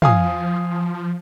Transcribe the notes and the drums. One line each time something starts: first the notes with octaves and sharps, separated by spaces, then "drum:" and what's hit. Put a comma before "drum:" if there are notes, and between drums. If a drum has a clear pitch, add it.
F3 F5 G#5 D#6, drum: tom